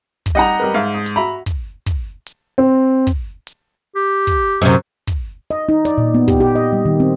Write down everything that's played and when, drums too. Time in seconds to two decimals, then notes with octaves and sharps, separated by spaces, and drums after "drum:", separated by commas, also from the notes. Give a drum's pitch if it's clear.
0.26 drum: kick, hi-hat
0.35 G3 D#4 D#5 F#5 A#5
0.60 G3 A#4 B4
0.74 G#2 E5 F5
0.95 D#6
1.06 drum: hi-hat
1.16 F#4 E5 A#5 B5
1.46 drum: kick, hi-hat
1.86 drum: kick, hi-hat
2.27 drum: hi-hat
2.58 C4
3.07 drum: kick, hi-hat
3.47 drum: hi-hat
3.96 G4
4.27 drum: kick, hi-hat
4.62 F#2 C3
5.07 drum: kick, hi-hat
5.51 D#5
5.69 D#4
5.85 D5, drum: hi-hat
5.98 A#2
6.14 B3
6.28 G4, drum: kick, hi-hat
6.40 G4
6.55 D#5
6.73 G3
6.86 D#3
7.00 C4